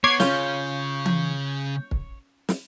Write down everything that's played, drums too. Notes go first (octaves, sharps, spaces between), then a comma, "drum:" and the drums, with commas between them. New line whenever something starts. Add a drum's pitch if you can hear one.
B3 C#5 D6 G#6 C7
C#3 C#4 F4 G6, drum: snare
drum: tom E3
drum: kick
drum: snare